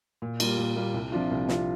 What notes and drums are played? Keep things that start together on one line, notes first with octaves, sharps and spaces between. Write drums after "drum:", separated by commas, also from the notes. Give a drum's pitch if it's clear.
A#2
G3 A#3 F4, drum: cymbal
A#2
G3 A#3 F4
C2
C3 F3 D4 F4
C2
C3 F3 D4 F4, drum: snare